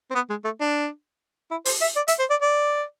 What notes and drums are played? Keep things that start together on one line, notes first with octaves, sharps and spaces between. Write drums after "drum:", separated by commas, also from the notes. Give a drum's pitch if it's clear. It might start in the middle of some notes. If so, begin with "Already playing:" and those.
C4
B3
G#3
A3
D4
E4
C5, drum: open hi-hat
E5
D5
E5, drum: hi-hat
C5
D5
D5